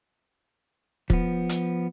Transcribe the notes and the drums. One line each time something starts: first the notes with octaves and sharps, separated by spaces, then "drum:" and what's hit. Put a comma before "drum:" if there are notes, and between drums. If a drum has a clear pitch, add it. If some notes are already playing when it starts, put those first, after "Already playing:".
F3 B3, drum: kick
drum: hi-hat